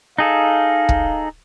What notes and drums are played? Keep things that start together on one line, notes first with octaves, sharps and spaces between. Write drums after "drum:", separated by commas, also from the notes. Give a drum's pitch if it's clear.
D#4 G#4 A4 F5
drum: kick